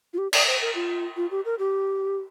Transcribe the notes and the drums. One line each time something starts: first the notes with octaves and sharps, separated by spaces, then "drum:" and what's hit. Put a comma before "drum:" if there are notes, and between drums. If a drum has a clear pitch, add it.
F4
G4
D5, drum: cymbal
C5
A#4
F4
F4
G4
A#4
G4